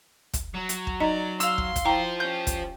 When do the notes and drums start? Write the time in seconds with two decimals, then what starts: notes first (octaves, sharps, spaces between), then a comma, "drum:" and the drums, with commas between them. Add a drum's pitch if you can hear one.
0.34 drum: kick, hi-hat
0.54 F#3
0.69 drum: hi-hat
0.87 drum: kick
1.00 D#4 D5 D#5 A#5
1.40 F5 C6 E6, drum: hi-hat
1.58 drum: kick
1.76 drum: kick, hi-hat
1.85 E4 F4 C5 G5 A#5
2.20 C#4 G4 G6
2.47 drum: kick, hi-hat